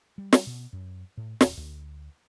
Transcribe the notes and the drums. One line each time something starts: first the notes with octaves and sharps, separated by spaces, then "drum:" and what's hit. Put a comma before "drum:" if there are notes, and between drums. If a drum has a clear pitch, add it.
G3
drum: snare
B2
F#2
A2
D#1, drum: snare
D2